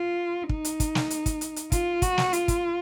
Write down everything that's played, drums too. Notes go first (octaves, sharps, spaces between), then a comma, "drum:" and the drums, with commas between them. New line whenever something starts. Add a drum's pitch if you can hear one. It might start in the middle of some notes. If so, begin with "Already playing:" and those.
Already playing: F4
D#4, drum: kick
drum: hi-hat
drum: kick, hi-hat
drum: snare
drum: hi-hat
drum: kick, hi-hat
drum: hi-hat
drum: hi-hat
F4, drum: kick, hi-hat
F#4, drum: kick, hi-hat
drum: snare
F4, drum: hi-hat
drum: kick, hi-hat